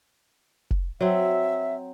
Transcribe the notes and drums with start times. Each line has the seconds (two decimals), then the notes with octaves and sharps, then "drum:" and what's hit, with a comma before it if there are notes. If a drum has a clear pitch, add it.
0.71 drum: kick F1
1.01 F#3 C4 E5